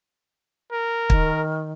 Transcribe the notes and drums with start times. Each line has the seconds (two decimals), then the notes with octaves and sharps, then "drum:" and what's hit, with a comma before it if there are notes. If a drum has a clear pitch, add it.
0.72 A#4
1.10 D#3, drum: kick